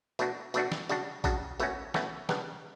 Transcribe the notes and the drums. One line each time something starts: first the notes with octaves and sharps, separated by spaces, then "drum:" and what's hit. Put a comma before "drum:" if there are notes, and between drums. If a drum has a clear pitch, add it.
B2 A3 D4 F#4, drum: hi-hat
B2 A3 D4 F#4, drum: hi-hat
drum: snare
C#3 G3 D4 F#4, drum: hi-hat
C#3 G3 D4 F#4, drum: kick A1, hi-hat
B2 A3 C#4 F#4, drum: hi-hat
B2 A3 C#4 F#4, drum: snare
C#3 G3 B3 D4, drum: snare